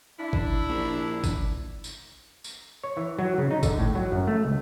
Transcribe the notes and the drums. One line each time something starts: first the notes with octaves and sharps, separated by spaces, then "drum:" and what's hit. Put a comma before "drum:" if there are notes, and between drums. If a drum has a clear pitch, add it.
D4 E4
drum: kick G1
A#1
drum: kick G1, tambourine
drum: tambourine
drum: tambourine
C#5
E3
F#3
C#3
D#4
D3, drum: kick G1, tambourine
A2
F#3
F#2
A3
C#2